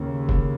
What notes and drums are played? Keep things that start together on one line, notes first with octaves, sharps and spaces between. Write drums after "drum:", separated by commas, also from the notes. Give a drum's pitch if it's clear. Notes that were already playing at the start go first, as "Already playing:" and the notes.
Already playing: D#2 C#3
drum: kick